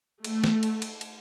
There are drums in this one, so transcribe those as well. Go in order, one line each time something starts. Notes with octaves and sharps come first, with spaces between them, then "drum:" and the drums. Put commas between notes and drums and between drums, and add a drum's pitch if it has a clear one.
A3, drum: cymbal
drum: snare
drum: cymbal
drum: cymbal
drum: cymbal